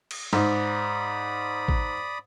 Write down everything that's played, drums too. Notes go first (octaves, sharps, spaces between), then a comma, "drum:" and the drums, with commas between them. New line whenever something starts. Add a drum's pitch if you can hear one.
drum: cymbal
G#2 D5 B5 D#6, drum: snare
drum: kick